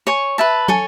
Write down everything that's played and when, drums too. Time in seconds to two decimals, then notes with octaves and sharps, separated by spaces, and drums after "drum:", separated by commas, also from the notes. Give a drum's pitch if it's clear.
0.07 C#5 G#5 C#6
0.38 B4 E5 A5
0.68 A4 C#5 G#5, drum: tom